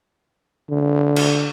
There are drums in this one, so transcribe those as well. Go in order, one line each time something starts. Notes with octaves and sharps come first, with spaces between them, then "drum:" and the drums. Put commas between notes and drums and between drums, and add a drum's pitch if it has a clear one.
D3
drum: cymbal